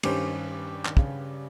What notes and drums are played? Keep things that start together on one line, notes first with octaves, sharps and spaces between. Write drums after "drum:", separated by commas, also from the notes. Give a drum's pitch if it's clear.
G2 D#3 G3 C#4 G4 C5, drum: cymbal
D#3, drum: clap
C#3, drum: kick